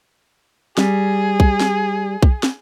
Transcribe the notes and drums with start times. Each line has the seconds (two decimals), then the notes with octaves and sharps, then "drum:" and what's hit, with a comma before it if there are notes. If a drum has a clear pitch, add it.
0.78 G3 G#4, drum: snare
1.40 drum: kick B1
1.60 drum: snare
2.23 drum: kick B1
2.43 drum: snare